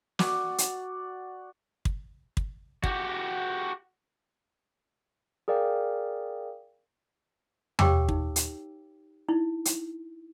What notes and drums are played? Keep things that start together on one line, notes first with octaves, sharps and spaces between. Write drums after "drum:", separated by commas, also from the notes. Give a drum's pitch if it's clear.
F#4 D5, drum: snare
drum: hi-hat
drum: kick
drum: kick
F#4 G4, drum: kick
G#4 A#4 D5 F5 G5
G4 C#5 F5 G5 D6 E6, drum: tom E2
D#4, drum: kick
drum: hi-hat
D#4 E4
drum: hi-hat